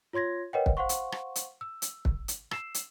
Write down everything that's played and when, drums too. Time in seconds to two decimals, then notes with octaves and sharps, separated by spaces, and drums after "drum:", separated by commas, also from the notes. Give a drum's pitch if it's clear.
0.13 F4 C#5 C6 G#6 A#6
0.53 A#4 B4 C#5 D#5 F#5 G5
0.66 drum: kick
0.77 C5 F5 F#5 C6 C#6
0.89 drum: hi-hat
1.12 drum: rim click
1.36 drum: hi-hat
1.61 E6
1.82 drum: hi-hat
2.05 drum: kick
2.28 drum: hi-hat
2.51 E6 C7 E7, drum: rim click
2.74 drum: hi-hat